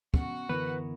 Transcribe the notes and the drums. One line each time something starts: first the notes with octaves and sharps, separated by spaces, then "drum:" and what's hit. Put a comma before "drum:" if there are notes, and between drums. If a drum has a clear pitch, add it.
B3 C#4 F#4 F#5, drum: kick
F#2 D3 E3 B3 E4 A#4 B4